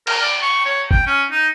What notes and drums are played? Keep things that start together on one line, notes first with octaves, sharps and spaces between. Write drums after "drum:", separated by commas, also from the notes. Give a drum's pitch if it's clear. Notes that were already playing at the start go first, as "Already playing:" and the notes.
A#4, drum: cymbal
D5
C#6
C#5
G5, drum: kick G1
C#4
D#4